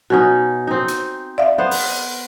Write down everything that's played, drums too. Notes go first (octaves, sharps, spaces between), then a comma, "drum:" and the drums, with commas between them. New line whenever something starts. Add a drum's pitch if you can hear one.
B2 C#4 D#4 F#4
C4 D#4
drum: hi-hat
D5 E5 F5
B3 C5
drum: open hi-hat